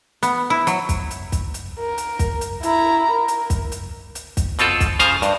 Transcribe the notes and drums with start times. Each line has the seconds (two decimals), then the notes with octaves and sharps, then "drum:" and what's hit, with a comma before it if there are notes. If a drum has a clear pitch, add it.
0.23 B3, drum: hi-hat
0.50 E4
0.67 F#3, drum: hi-hat
0.89 drum: kick, hi-hat
1.11 drum: hi-hat
1.32 drum: kick, hi-hat
1.54 drum: hi-hat
1.80 A#4
1.98 drum: hi-hat
2.19 drum: kick, hi-hat
2.41 drum: hi-hat
2.63 E4 A#5, drum: hi-hat
3.12 A#4
3.28 drum: hi-hat
3.50 drum: kick, hi-hat
3.72 drum: hi-hat
4.15 drum: hi-hat
4.37 drum: kick, hi-hat
4.59 B2 C4 F4 A4, drum: hi-hat
4.80 drum: kick, hi-hat
4.99 C#3 F3 C5 F5 G#5 A#5, drum: hi-hat
5.22 G2, drum: hi-hat